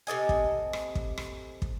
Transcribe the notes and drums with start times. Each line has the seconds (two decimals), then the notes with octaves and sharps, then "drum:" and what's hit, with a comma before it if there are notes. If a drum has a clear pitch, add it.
0.07 C3 A4 D#5 G#5
0.29 drum: kick
0.73 drum: rim click
0.95 drum: kick
1.18 drum: rim click
1.62 drum: kick